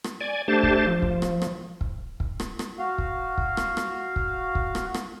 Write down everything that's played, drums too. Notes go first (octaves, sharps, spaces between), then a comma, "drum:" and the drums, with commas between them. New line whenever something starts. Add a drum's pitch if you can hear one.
drum: rim click
D5 G#5
A3 D4 G4 C5 A5
drum: kick
F3
drum: kick
drum: rim click
drum: rim click
drum: kick
drum: kick
drum: rim click
drum: rim click
F#4 F5
drum: kick
drum: kick
drum: rim click
drum: rim click
drum: kick
drum: kick
drum: rim click
drum: rim click